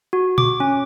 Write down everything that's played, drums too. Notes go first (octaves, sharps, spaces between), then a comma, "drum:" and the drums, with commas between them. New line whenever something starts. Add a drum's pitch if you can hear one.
F#4
D6, drum: tom A#2
C#4